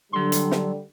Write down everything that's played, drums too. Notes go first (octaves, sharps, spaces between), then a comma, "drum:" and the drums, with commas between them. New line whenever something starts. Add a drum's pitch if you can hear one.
D3 F#3 G3 C6
drum: hi-hat
drum: snare